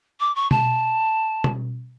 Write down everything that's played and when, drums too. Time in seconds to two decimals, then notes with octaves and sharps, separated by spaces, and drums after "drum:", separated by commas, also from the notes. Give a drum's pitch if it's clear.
0.20 D6
0.35 C#6
0.51 A5, drum: tom B2
1.44 drum: tom B2